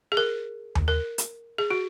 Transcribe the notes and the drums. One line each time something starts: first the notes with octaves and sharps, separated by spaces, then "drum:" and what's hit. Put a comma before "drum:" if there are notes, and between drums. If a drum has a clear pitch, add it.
G#4
A#4
drum: tom D#2
A#4
drum: hi-hat
G#4
F#4